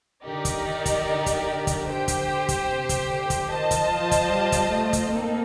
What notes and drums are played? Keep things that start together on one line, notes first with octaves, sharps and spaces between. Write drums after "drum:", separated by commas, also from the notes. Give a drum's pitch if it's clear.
D3 D#4 G4 A#4 D5
drum: kick, hi-hat
D#3
drum: kick, hi-hat
D3
drum: kick, hi-hat
drum: kick, hi-hat
G4 C5 G5
drum: kick, hi-hat
drum: kick, hi-hat
C3
drum: kick, hi-hat
D3
drum: kick, hi-hat
D#3 F4 C5 D#5 A5
drum: kick, hi-hat
F3
drum: kick, hi-hat
G3
drum: kick, hi-hat
A3
drum: kick, hi-hat
A#3 C4 D#4 A4